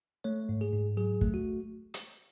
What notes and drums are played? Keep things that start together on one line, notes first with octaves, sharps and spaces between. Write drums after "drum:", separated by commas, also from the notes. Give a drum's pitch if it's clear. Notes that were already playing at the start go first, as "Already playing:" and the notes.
A3 C#5
G#2
G#4
G#2
F#3 G#4
A3, drum: kick
F#4
drum: hi-hat